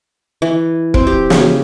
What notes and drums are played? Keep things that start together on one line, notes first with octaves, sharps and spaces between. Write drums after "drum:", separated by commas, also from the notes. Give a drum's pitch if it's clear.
E3
C4, drum: kick
G4
C#3, drum: snare